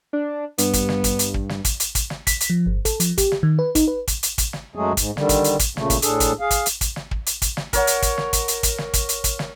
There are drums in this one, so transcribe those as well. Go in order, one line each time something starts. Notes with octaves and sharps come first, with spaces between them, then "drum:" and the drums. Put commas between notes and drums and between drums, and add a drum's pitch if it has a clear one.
D4
G2 B3, drum: hi-hat
drum: kick, hi-hat
drum: snare
drum: kick, hi-hat
drum: hi-hat
drum: kick
drum: snare
drum: kick, hi-hat
drum: hi-hat
drum: kick, hi-hat
drum: snare
B6, drum: kick, hi-hat
drum: hi-hat
F3
G1
A4, drum: kick, hi-hat
F3, drum: hi-hat
G4, drum: kick, hi-hat
drum: snare
D#3
B4
D#4, drum: kick, hi-hat
B4
drum: kick, hi-hat
drum: hi-hat
drum: kick, hi-hat
drum: snare
F#2 F#3 G#3 A3 G#4
G#2, drum: kick, hi-hat
D3 D#3 G3, drum: snare
drum: kick, hi-hat
drum: hi-hat
drum: kick, hi-hat
A#2 C#3 A3, drum: snare
drum: kick, hi-hat
A2 D4 G#4 A4, drum: hi-hat
drum: kick, hi-hat
G#4 F5
drum: kick, hi-hat
drum: hi-hat
drum: kick, hi-hat
drum: snare
drum: kick
drum: hi-hat
drum: kick, hi-hat
drum: snare
A#4 C#5 F#5, drum: kick, hi-hat
drum: hi-hat
drum: kick, hi-hat
drum: snare
drum: kick, hi-hat
drum: hi-hat
drum: kick, hi-hat
drum: snare
drum: kick, hi-hat
drum: hi-hat
drum: kick, hi-hat
drum: snare